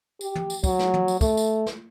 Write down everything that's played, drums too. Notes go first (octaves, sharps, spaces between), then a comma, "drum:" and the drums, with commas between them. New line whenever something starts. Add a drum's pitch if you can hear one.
G4, drum: tambourine
drum: tom
drum: tambourine
F#3, drum: kick, tambourine
drum: snare
drum: tom
drum: tambourine
A3, drum: kick, tambourine
drum: tambourine
drum: snare